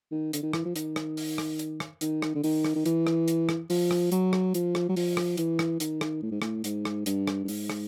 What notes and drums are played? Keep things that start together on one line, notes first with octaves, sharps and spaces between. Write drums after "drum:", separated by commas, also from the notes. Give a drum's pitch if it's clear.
D#3
D3, drum: hi-hat
D#3
E3, drum: rim click
F3
D#3, drum: hi-hat
drum: rim click
drum: open hi-hat
drum: rim click
drum: hi-hat
drum: rim click
D#3, drum: hi-hat
drum: rim click
D3
D#3, drum: open hi-hat
drum: rim click
D#3
E3, drum: hi-hat
drum: rim click
drum: hi-hat
drum: rim click
F3, drum: open hi-hat
drum: rim click
F#3, drum: hi-hat
drum: rim click
F3, drum: hi-hat
drum: rim click
F#3
F3, drum: open hi-hat
drum: rim click
E3, drum: hi-hat
drum: rim click
D#3, drum: hi-hat
drum: rim click
A2
G#2
A2, drum: rim click
G#2, drum: hi-hat
drum: rim click
G2, drum: hi-hat
drum: rim click
G2
G#2, drum: open hi-hat
drum: rim click